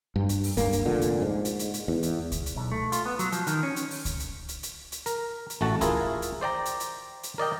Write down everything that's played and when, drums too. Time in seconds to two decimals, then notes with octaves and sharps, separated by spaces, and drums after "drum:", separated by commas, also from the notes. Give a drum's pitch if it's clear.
0.16 G2
0.29 drum: hi-hat
0.44 drum: open hi-hat
0.57 G2 A#3, drum: kick C#2, hi-hat
0.72 drum: hi-hat
0.86 F1 A#2 D3
1.01 drum: hi-hat
1.22 G#2
1.45 drum: hi-hat
1.59 drum: hi-hat
1.74 drum: hi-hat
1.88 E2
2.03 drum: hi-hat
2.32 drum: kick C#2, hi-hat
2.46 drum: hi-hat
2.56 B1
2.72 A3
2.92 F4, drum: hi-hat
3.06 B3
3.19 F#3, drum: hi-hat
3.32 F3, drum: hi-hat
3.47 D#3, drum: hi-hat
3.63 C#4
3.76 drum: hi-hat
3.91 drum: open hi-hat
4.05 drum: kick C#2, hi-hat
4.20 drum: hi-hat
4.49 drum: hi-hat
4.63 drum: hi-hat
4.92 drum: hi-hat
5.06 A#4, drum: hi-hat
5.50 drum: hi-hat
5.61 A1 A3 F#4 A5
5.81 E4 F4 G#4 A#4, drum: kick C#2, hi-hat
6.22 drum: hi-hat
6.41 C5 D5 G5 A#5
6.65 drum: hi-hat
6.80 drum: hi-hat
7.23 drum: hi-hat
7.38 A#4 D5 D#5 G5